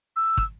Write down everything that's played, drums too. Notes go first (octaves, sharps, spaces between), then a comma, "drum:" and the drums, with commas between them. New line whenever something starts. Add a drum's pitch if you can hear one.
E6
drum: kick